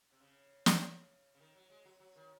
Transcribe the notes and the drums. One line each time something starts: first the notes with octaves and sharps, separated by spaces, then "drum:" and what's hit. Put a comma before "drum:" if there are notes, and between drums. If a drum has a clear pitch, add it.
C3
C#3
drum: snare
C#3
D#3
F#3
G#3
F#3
F#3
D#3